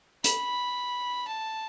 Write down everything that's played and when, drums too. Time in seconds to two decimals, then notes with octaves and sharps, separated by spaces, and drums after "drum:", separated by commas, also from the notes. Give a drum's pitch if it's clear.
0.24 B5, drum: hi-hat
1.27 A5